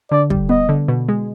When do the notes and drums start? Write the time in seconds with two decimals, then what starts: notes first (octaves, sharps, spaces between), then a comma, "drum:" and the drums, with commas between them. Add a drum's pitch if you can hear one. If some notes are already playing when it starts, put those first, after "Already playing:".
0.11 D3 D5
0.30 G3, drum: kick
0.49 B3 D#5
0.69 D3
0.88 B2
1.09 G#3